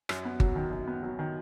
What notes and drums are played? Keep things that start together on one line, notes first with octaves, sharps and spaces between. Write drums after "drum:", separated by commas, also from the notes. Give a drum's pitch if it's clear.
F#2, drum: rim click
B3
F#3, drum: kick G1
D#3
F#2
B3
F#3
D#3